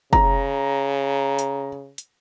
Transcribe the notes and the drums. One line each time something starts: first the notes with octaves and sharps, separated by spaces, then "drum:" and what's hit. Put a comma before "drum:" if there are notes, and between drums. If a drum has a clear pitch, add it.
C#3 A#5, drum: kick
drum: hi-hat
drum: hi-hat